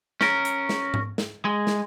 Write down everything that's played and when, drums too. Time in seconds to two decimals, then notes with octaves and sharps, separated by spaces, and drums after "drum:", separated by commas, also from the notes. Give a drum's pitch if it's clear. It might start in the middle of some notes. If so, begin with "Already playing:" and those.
0.21 C#4 A#4, drum: snare
0.45 drum: hi-hat
0.69 drum: snare
0.94 drum: tom G#2
1.18 drum: snare
1.45 G#3
1.67 drum: snare